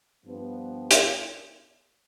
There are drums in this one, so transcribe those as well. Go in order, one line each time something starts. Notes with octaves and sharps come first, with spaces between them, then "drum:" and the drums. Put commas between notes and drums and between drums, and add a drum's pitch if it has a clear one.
G2 F3 B3
drum: hi-hat